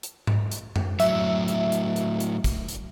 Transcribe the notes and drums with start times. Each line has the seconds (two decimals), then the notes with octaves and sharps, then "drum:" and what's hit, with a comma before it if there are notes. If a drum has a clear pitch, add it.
0.03 drum: hi-hat
0.27 drum: tom G#2
0.52 drum: hi-hat
0.76 drum: tom F#2
1.00 A2 F#3 E5, drum: hi-hat
1.48 drum: hi-hat
1.72 drum: hi-hat
1.96 drum: hi-hat
2.20 drum: hi-hat
2.44 drum: kick, hi-hat
2.69 drum: hi-hat